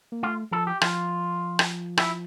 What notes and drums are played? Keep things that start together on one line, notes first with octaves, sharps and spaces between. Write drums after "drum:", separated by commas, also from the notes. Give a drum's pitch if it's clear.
A#3
A3 F4
F3 A4
G4
F3 F4, drum: rim click
drum: rim click
E4, drum: rim click